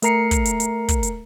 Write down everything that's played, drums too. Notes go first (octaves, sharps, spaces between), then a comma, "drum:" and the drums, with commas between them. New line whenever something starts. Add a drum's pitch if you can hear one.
A3 A#4 A#5 C7 C#7, drum: hi-hat
drum: kick, hi-hat
drum: hi-hat
drum: hi-hat
drum: kick, hi-hat
drum: hi-hat